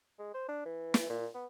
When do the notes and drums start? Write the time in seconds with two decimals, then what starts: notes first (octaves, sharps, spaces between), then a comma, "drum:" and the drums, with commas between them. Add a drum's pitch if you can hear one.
0.19 G#3
0.34 C5
0.48 D4
0.65 E3
0.94 drum: snare
1.09 A#2
1.34 B3